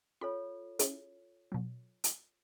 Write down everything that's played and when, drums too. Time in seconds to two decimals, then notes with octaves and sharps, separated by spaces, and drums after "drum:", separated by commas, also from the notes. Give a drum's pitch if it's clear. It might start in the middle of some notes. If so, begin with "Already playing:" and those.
0.21 F4 A4 C#5 B5
0.79 C#4 E4 G#4, drum: hi-hat
1.52 B2 F#3
2.04 drum: hi-hat